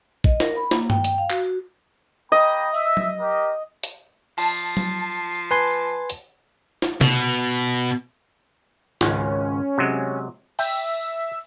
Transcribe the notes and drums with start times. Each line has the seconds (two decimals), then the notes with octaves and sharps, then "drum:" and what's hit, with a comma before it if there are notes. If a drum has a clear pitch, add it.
0.24 D#5, drum: kick A1
0.40 A#4, drum: snare
0.56 B5
0.71 A#3, drum: snare
0.90 G5, drum: tom G2
1.04 G5, drum: hi-hat
1.18 F5
1.30 F#4, drum: clap
1.43 F#4
2.32 A#3 D#5 G5 B5
2.74 E5, drum: tambourine
2.97 drum: tom F#3
3.20 G4 A#4 D#5
3.83 drum: hi-hat
4.38 F3 A5, drum: cymbal
4.77 drum: tom F#3
5.51 B4 G#5 C6
6.10 drum: hi-hat
6.82 drum: snare
7.01 B2, drum: tom C3
9.01 G#1 C#2 C#4, drum: snare
9.78 C3 F#3 G#3
10.59 E5 G5, drum: cymbal